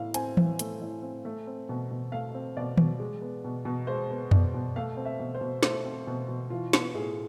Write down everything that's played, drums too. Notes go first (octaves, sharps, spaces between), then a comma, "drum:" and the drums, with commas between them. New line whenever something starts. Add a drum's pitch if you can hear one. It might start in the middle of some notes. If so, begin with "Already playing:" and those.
Already playing: A2 A3 F5
C4 G#5, drum: hi-hat
E3, drum: tom E3
A3, drum: hi-hat
A2
C4
A3
C4
B2
B2
A3 F5
C4
B2 D5
B2, drum: tom D#3
G#3
B3
B2
B2
G#3 C5
B3
B2 D5, drum: tom F2
B2
A3 F5
C4
E5
B2
C5
B2
A3 C5, drum: snare
C4
B2
B2
E3 F4
B3, drum: snare
A2 G#4